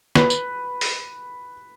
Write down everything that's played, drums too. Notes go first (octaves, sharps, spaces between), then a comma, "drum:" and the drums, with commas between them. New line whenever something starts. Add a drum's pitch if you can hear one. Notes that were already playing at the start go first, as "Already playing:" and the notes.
B4, drum: snare
drum: tambourine
drum: open hi-hat